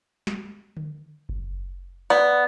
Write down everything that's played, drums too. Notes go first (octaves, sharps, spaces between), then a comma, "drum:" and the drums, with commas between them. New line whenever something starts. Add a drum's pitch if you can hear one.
drum: snare
drum: tom D3
drum: kick F#1
B3 D5